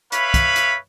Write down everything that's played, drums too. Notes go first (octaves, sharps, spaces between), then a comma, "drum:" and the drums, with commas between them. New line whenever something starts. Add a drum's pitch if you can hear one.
B4 C#5 E5 F5 B5, drum: hi-hat
drum: kick, hi-hat
drum: hi-hat